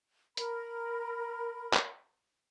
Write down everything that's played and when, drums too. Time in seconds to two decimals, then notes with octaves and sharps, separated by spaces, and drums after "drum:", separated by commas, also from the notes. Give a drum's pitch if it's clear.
0.37 A#4 B5, drum: hi-hat
1.74 drum: clap